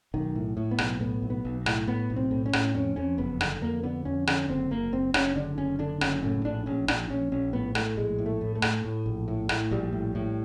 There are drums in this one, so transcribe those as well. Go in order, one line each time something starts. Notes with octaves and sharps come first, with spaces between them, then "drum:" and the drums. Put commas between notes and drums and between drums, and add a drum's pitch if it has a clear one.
B1 D#3
A2
A2
B3
B1, drum: rim click
A2 B3
B1
B3
B1
A2, drum: rim click
A2 B3
B1
C4
A2
C#4
A2, drum: rim click
F2 C#4
F2 C#4
F#1 B3
D3, drum: rim click
F2 A#3
D3 B3
F2 C#4
D3 C#4, drum: rim click
F#1 C4
F#1 A#3
F#1 C4
F#1 C#4, drum: rim click
D3 D4
F#1 C#4
D3 D4
F#1 C#4, drum: rim click
A2 C#4
A#1 D4
A#1 C#4
A#1 D4, drum: rim click
A#1 C#4
A#1 C#4
A2 B3
A2 A3, drum: rim click
A#1 G#3
A2
A3
A2
A3
A2, drum: rim click
A2
A#1
A2
A2, drum: rim click
A#1 G3
A2
A2